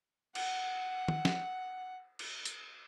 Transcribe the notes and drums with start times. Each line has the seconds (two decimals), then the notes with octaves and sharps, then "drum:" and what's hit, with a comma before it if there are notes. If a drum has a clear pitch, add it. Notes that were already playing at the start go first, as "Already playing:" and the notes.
0.35 F#5, drum: cymbal
1.08 drum: tom
1.25 drum: snare
2.19 drum: cymbal
2.45 drum: hi-hat